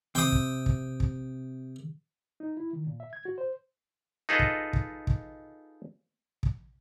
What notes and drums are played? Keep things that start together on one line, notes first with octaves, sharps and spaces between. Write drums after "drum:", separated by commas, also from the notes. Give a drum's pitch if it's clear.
C3 G5 D#6
drum: kick
drum: kick
drum: kick
D#4
E4
D#3
A#2
E5
G#6
F#4
C5
D#4 F4 G#4 A4 B4 D#5
drum: kick
drum: kick
drum: kick
drum: kick